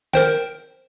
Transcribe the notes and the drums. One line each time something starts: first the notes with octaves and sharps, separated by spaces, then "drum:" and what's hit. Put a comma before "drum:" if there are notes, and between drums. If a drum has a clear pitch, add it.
A#4 C5 G5, drum: snare